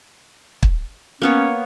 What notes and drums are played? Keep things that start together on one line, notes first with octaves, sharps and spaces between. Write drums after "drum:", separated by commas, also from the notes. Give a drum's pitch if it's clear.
drum: kick
A#3 B3 C#4 C#5